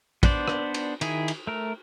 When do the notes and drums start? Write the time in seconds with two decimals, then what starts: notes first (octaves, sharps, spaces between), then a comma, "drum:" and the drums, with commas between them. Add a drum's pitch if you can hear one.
0.23 B3 D4 C5 D5, drum: kick, cymbal
0.48 drum: rim click
0.74 drum: cymbal
1.01 D#3 E4 G#4, drum: cymbal
1.28 drum: cymbal
1.47 A3 A#4